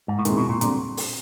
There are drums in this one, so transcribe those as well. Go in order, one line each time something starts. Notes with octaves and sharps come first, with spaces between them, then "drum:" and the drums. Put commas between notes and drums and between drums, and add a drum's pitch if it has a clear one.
G#2
A2
A#2 D#3 G#3 C4 E4 G#4, drum: hi-hat
B2
A#2
A#2 D3 G3 C4, drum: hi-hat
drum: open hi-hat